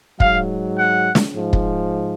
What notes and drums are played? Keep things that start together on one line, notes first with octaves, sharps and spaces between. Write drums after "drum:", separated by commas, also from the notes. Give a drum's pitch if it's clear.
G#2 F#3 F5, drum: kick
F#5
drum: snare
G#2 F3
drum: kick